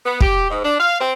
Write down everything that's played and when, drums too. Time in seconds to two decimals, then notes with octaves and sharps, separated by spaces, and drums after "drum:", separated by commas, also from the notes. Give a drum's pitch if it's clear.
0.05 B3
0.21 G4, drum: kick
0.50 G#2
0.64 D4
0.80 F5
1.00 C4